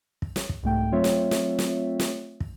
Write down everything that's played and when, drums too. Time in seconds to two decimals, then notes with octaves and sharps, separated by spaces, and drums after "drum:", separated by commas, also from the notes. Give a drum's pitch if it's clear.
0.22 drum: kick
0.36 drum: snare
0.49 drum: kick
0.63 C2 G#2 A3 G5
0.92 F#3 A3 C4 F4 C#5 E5
1.04 drum: snare
1.31 drum: snare
1.59 drum: snare
2.00 drum: snare
2.40 drum: kick